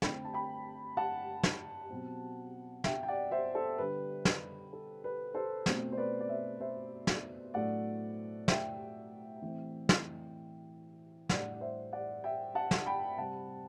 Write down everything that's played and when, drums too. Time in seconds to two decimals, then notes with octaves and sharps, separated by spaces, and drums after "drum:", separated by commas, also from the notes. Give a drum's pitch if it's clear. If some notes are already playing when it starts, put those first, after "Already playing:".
0.02 D3 A3 C4 G5 B5, drum: snare
0.25 A5
0.33 G5 B5
0.97 F#5 A5
1.43 drum: snare
1.90 B2 F#3 C4
2.84 E5 G5, drum: snare
3.03 G5
3.08 D5 F#5
3.31 C5 E5
3.55 A4 C5
3.78 D3 G3 D4 B4
4.25 drum: snare
4.73 A4
5.04 B4
5.34 A4 C5
5.66 B2 A3 C4, drum: snare
5.92 C5
5.97 B4 D5
6.20 D5
6.29 C5 E5
6.60 C5 E5
7.07 drum: snare
7.54 A2 F#3 A3 D4 D5 F#5
8.48 E5 G5, drum: snare
9.42 E3 A3 C4
9.89 drum: snare
11.29 A2 G3 D4 D5 F#5, drum: snare
11.53 D5
11.61 C5 E5
11.93 D5 F#5
12.24 E5 G5
12.55 F#5 A5
12.71 drum: snare
12.86 G5 B5
13.18 C3 G3 C4 F#5 A5